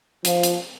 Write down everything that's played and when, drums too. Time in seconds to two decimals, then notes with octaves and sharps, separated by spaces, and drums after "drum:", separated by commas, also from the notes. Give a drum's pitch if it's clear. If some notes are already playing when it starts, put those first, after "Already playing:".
0.25 F3, drum: hi-hat
0.43 drum: hi-hat